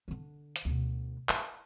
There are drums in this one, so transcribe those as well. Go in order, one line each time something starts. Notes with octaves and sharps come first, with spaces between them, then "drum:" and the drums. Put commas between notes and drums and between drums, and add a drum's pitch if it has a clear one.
D3 D4
drum: hi-hat
D2 B2
E4, drum: clap